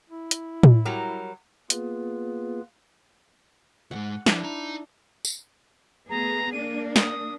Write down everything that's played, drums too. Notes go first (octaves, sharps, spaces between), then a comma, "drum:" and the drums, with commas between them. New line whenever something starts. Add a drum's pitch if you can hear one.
E4
drum: hi-hat
drum: tom
F#3 G3 A#4
A#3 B3 F4 G#4 B4, drum: hi-hat
D2 G#2 F#5
F3 D4 E4, drum: snare
D#4 A#5
drum: tambourine
A3 B3 G#4 A#5
A#3 D4 D#7
D#6, drum: snare